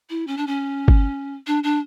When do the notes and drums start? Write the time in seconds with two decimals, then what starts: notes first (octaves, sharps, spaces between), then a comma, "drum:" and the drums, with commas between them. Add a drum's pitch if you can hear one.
0.09 E4
0.27 C#4
0.37 D4
0.46 C#4
0.88 drum: kick G1
1.47 D4
1.63 D4